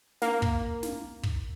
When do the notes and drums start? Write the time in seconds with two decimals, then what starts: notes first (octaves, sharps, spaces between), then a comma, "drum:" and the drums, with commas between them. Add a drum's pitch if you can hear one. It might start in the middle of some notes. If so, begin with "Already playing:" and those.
0.22 A#3, drum: snare
0.42 drum: kick
0.83 drum: snare
1.23 drum: kick